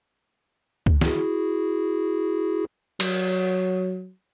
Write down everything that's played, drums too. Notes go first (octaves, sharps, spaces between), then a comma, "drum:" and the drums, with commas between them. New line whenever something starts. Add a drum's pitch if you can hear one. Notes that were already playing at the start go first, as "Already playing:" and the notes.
drum: kick
E4 F#4 G#4, drum: snare
F#3, drum: cymbal